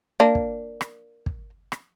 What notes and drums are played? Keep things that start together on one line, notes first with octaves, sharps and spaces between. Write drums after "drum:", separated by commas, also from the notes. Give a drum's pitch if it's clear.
A#3 D4
drum: kick
drum: rim click
drum: kick
drum: rim click